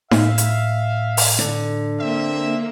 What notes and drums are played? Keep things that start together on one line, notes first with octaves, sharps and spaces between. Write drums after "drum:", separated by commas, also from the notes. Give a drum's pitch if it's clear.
A2 E5 F5, drum: snare D#4
drum: hi-hat
drum: open hi-hat
D3
A#3 C4 E5